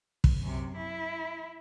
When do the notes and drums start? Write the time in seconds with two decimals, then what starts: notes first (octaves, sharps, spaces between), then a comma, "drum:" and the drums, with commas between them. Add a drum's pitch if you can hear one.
0.24 drum: kick
0.42 F#2 C3
0.77 E4